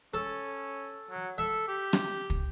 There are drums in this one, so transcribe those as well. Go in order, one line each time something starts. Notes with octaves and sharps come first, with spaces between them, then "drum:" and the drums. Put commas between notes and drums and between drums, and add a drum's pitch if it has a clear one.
C#4 A4
F#3
A4 E5
G4
drum: rim click
drum: kick